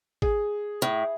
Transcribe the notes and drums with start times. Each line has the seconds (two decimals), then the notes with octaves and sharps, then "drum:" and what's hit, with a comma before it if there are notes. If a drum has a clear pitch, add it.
0.22 G#4, drum: kick G#1
0.82 A2